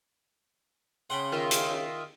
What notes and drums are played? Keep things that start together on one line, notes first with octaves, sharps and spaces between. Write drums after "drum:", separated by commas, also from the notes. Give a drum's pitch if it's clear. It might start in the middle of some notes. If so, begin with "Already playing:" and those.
C#3 F#5 G5 B5 C6
D#3 F4 D#5 E5
drum: hi-hat